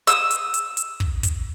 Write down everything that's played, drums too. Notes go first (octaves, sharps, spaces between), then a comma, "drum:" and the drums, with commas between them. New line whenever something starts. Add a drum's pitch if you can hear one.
D#6 E6, drum: hi-hat
drum: hi-hat
drum: hi-hat
drum: hi-hat
drum: kick
drum: kick, hi-hat